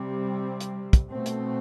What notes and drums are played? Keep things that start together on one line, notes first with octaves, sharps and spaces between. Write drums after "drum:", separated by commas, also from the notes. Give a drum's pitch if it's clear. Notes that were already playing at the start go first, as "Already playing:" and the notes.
Already playing: C3 G3 C4
drum: hi-hat
drum: kick, hi-hat
B2 A3 C4
drum: hi-hat